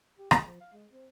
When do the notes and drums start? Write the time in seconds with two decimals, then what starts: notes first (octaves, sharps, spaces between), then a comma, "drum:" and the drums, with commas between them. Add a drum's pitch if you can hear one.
0.18 G4
0.31 G#3, drum: rim click
0.46 F3
0.60 F5
0.73 G#3
0.90 C4